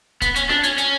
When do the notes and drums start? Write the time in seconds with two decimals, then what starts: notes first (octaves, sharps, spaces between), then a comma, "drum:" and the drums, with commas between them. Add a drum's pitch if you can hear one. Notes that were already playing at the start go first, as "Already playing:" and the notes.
0.22 B3, drum: kick, hi-hat
0.36 C#4, drum: hi-hat
0.49 D4, drum: snare
0.64 C#4, drum: hi-hat
0.78 C#4, drum: hi-hat